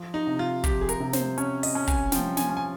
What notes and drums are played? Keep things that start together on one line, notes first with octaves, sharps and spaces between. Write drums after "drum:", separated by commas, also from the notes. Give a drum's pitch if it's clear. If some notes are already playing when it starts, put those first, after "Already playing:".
Already playing: F3
D#4
C3
F4
F3 G4, drum: kick, hi-hat
G#4
A#4, drum: hi-hat
C3
C5, drum: snare
C#4 C#5, drum: hi-hat
D#5, drum: open hi-hat
C#4
G#5, drum: kick, hi-hat
F3 G5, drum: snare
G#5, drum: snare
C#4
G#5